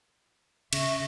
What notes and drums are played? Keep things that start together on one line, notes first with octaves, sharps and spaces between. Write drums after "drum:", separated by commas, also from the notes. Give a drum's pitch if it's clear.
C#3 E5 C#6 A#6, drum: cymbal